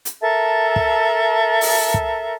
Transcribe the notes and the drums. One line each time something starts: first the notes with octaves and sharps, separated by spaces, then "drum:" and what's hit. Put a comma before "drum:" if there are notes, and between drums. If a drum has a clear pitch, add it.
drum: hi-hat
A4 A#4 E5 A5
drum: kick
drum: open hi-hat
drum: kick